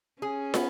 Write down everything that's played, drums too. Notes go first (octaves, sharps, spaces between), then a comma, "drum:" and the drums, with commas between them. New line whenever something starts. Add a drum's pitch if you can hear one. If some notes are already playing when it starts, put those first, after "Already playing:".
C#4 G#4
B3, drum: snare